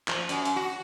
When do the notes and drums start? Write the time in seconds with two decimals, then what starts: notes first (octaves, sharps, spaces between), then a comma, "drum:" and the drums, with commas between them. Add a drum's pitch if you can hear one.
0.08 F3, drum: clap
0.29 F#2, drum: hi-hat
0.45 drum: hi-hat
0.56 F#4